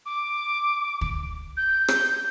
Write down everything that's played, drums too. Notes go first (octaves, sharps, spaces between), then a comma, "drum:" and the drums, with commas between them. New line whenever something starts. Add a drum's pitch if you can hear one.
D6
drum: kick
G6
drum: rim click